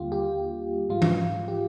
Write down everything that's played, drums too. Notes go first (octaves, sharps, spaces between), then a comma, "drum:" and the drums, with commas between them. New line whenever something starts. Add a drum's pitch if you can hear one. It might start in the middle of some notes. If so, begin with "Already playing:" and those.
Already playing: D#2 D3 G3 A#3 F4 G4
G4
G#2 F3 G#3 F4
drum: tom E3
G4